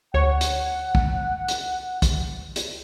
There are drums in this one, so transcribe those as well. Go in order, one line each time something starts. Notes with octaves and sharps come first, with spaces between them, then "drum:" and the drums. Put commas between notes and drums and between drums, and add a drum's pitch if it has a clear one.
D2 C#5 F#5
drum: hi-hat
drum: kick
drum: hi-hat
drum: kick, hi-hat
drum: hi-hat